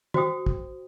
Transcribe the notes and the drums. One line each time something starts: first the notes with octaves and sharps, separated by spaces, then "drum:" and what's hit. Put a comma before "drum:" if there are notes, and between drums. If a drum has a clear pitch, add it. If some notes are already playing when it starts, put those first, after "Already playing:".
F#4 C5 G5 D#6, drum: tom
drum: kick